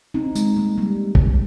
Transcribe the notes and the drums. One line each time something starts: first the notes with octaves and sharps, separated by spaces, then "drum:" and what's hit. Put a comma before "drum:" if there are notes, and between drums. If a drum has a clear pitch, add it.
C4 D#4
G#3 C4, drum: tambourine
G3 A#3
G3
drum: kick A1